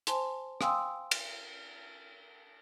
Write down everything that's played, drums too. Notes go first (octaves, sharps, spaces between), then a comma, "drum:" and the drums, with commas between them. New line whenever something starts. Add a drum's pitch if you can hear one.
C5 G#5 A5 C6, drum: hi-hat
F5 G5 G#5 C6 D#6 E6, drum: rim click
drum: cymbal